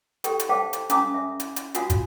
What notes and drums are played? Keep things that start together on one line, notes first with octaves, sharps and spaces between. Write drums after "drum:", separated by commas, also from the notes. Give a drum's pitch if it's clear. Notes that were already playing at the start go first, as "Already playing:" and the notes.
G4 A4 G5, drum: hi-hat
drum: hi-hat
C5 E5 F5 G5 A5 D6
drum: hi-hat
C#4 F5 G#5 A#5 D6 D#6, drum: hi-hat
E5
drum: hi-hat
drum: hi-hat
F4 F#4 F5 G#5 D#6, drum: hi-hat
drum: kick, hi-hat